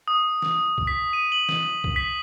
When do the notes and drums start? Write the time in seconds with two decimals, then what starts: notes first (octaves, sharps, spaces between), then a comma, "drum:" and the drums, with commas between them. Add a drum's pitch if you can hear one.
0.08 D#6
0.42 drum: snare
0.78 drum: kick
0.87 B6
1.13 D#7
1.32 F#7
1.49 drum: snare
1.84 drum: kick
1.96 B6